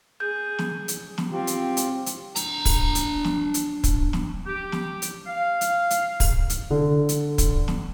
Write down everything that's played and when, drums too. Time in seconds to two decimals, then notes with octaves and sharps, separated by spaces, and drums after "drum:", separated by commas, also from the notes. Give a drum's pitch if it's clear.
0.20 G#4 G6
0.59 drum: snare
0.88 drum: hi-hat
1.18 drum: snare
1.32 C4 F4 G4
1.47 drum: hi-hat
1.77 drum: hi-hat
2.06 drum: hi-hat
2.36 D4 A#5, drum: hi-hat
2.65 drum: kick, open hi-hat
2.95 drum: hi-hat
3.25 drum: snare
3.54 drum: hi-hat
3.84 drum: kick, hi-hat
4.13 drum: snare
4.47 G4
4.72 drum: snare
5.02 drum: hi-hat
5.27 F5
5.61 drum: hi-hat
5.90 drum: hi-hat
6.20 drum: kick, open hi-hat
6.50 drum: hi-hat
6.71 D3
7.09 drum: hi-hat
7.38 drum: kick, hi-hat
7.68 drum: snare